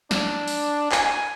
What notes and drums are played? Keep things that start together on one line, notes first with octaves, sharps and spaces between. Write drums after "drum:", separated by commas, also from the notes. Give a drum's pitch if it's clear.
D4, drum: snare
drum: open hi-hat
G#5, drum: clap